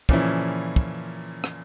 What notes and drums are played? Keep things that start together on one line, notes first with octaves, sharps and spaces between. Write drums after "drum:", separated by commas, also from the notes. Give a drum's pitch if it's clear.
A#2 C#3 E3 F3 C#4 E4, drum: kick
drum: kick
drum: rim click